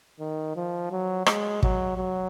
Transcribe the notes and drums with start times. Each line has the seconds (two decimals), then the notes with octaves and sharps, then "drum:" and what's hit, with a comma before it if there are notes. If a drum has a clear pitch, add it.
0.20 D#3
0.55 F3
0.91 F#3
1.26 G#3, drum: rim click
1.63 F#3, drum: kick
1.97 F#3